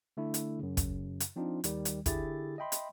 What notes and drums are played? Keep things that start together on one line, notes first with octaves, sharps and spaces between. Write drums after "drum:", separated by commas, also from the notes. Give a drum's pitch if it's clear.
D3 A3 D4 E4
drum: hi-hat
F#2 C#3
drum: kick, hi-hat
drum: hi-hat
F3 C4 D4 D#4 F4
D#2 D#3 G3, drum: hi-hat
drum: hi-hat
D3 E4 G4 G#4 E5 A6, drum: kick, hi-hat
D#5 E5 G5 B5 C6
drum: hi-hat